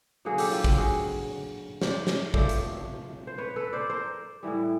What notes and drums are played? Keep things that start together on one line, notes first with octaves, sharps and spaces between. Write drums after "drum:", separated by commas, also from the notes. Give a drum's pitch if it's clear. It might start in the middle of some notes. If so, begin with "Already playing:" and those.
D3 F#3 A#3 F#4 G#4
G4 A4, drum: open hi-hat
F4 G4
F4 G4, drum: kick
F#4 G#4
C5 D5, drum: snare
drum: snare
C3 F3 A3 C5 D5, drum: kick
drum: hi-hat
C5
B4 C#5
A4 B4
C5 D5
A#4 C5
A2 E3 G3